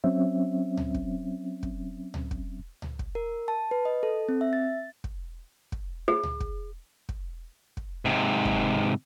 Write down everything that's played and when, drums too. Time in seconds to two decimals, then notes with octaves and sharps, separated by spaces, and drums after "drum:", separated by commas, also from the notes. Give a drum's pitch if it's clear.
0.04 F#3 C4 C#4 E5
0.77 drum: tom C#2
0.94 drum: kick
1.63 drum: kick
2.14 drum: tom C#2
2.31 drum: kick
2.82 drum: tom C#2
2.99 drum: kick
3.15 A#4
3.48 A5
3.71 B4
3.85 D#5
4.03 A4
4.29 C4
4.41 E5
4.53 A6
5.04 drum: kick
5.72 drum: kick
6.08 G#4
6.23 drum: tom C#2
6.40 drum: kick
7.09 drum: kick
7.77 drum: kick
8.05 G#2 C3
8.45 drum: kick